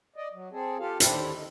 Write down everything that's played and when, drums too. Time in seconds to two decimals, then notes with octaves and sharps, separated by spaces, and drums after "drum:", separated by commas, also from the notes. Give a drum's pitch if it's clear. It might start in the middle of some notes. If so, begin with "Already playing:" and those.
0.16 D5 D#5
0.33 F#3
0.52 C4 G#4 A4
0.79 F4 G4 A4 F5
1.00 D#2 D3 C4 E4 G4 A4, drum: hi-hat
1.33 D3 D#4